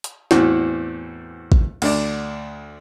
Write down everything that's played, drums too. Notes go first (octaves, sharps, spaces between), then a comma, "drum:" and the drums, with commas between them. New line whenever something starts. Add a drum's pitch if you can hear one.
drum: hi-hat
E2 A2 E3 C4 F#4, drum: snare
drum: kick
D2 D4 D5, drum: cymbal